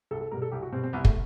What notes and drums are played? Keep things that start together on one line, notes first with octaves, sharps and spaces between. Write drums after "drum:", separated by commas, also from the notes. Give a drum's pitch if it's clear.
C2 A4
A4
B2 G3 A#4
A4
C2 G4
F#4
B2 G3 C4
C4
C2 B3
A3, drum: kick